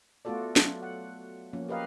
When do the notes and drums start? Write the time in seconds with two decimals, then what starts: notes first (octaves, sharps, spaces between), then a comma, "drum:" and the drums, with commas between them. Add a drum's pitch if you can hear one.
0.25 A3 B3 F4 F#4 A4 D5
0.56 F#3, drum: snare
0.83 F#5
1.53 F3 A#3 C#4
1.69 G4 A#4 B4 D#5 F5